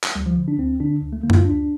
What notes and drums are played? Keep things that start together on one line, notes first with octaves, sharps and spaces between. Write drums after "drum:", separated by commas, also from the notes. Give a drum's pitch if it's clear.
drum: clap
D2 G3
F3
D3
D4
D2 C4
D3 D4
D2
A3
D3 A#3
E4, drum: tom F#2
F4
D2 D4